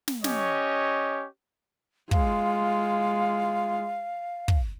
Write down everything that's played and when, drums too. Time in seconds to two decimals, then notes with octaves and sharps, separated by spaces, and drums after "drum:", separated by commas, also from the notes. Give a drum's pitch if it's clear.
0.08 drum: snare
0.24 C#4 G4 C#5 D#5, drum: snare
2.11 G#3 F4 F5, drum: kick
4.48 drum: kick